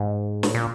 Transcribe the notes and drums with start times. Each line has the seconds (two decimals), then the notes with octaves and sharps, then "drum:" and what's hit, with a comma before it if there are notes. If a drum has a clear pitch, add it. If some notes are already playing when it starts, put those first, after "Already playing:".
Already playing: G#2
0.43 A2, drum: snare
0.55 A#2